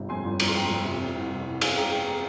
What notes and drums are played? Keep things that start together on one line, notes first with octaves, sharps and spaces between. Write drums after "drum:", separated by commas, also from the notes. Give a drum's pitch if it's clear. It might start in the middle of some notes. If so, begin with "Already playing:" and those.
Already playing: G1 C3
F2 G#5 C6
G1
G1 A#5, drum: cymbal
C6
F2 G5 A#5
F2
C3
C4
C2
C2
C2
G#3 F5 G#5, drum: cymbal
C2 G5 A#5
G#3 G5 A#5
C4 G5 A#5